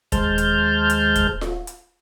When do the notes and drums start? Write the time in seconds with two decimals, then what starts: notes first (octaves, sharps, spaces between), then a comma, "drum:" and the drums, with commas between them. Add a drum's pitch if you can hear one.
0.12 D#2 G#3 C5 A5 F6 G6, drum: kick, hi-hat
0.38 drum: hi-hat
0.90 drum: hi-hat
1.15 drum: kick, hi-hat
1.41 drum: snare F4
1.67 drum: hi-hat